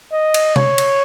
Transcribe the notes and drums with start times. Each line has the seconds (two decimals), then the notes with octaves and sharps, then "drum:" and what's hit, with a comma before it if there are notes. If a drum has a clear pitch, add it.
0.13 D#5
0.34 drum: cymbal
0.56 C#5, drum: tom
0.78 drum: cymbal